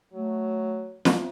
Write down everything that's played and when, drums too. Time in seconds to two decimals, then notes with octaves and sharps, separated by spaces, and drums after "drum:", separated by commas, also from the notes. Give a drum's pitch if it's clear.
0.13 F#3 A3
1.05 drum: snare